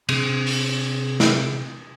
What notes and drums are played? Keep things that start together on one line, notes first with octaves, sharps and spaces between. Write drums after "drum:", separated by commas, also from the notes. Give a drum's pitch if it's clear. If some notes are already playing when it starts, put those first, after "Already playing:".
C3 C4 G#4, drum: cymbal
drum: open hi-hat
drum: snare